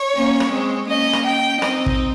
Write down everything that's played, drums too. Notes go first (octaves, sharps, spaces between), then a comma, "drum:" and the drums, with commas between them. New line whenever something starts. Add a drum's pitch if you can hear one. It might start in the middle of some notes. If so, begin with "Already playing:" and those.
Already playing: C#5
A#3 C#4
drum: rim click
G#3 C4
A#3 C#4 D#5
drum: rim click
G5
C4 D#4 D#5, drum: rim click
drum: kick